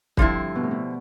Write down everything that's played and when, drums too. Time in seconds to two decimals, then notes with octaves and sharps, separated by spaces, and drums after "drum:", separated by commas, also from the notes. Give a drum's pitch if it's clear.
0.17 G2 D3 F3 C4 E4, drum: kick
0.55 B2
0.63 A2
0.71 B2